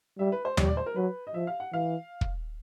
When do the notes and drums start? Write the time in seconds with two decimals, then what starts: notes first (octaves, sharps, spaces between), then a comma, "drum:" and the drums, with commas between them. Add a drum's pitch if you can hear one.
0.19 G3 E5
0.32 B4
0.45 C5
0.57 G3 C#5, drum: tom D#2
0.67 D5
0.77 C5
0.86 A#4
0.96 F#3 B4
1.27 D#5
1.34 F3 E5
1.47 F5
1.60 F#5
1.73 E3 F5
2.21 drum: kick